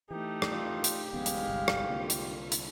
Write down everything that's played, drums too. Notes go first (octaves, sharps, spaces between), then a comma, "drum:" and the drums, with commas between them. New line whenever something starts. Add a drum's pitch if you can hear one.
E3 A3 D#4 G4
drum: rim click
F4
drum: hi-hat
D1 A1 G#3 B3 F5
drum: hi-hat
G1 C2
drum: rim click
C2 D3 A#3 F4
drum: hi-hat
drum: hi-hat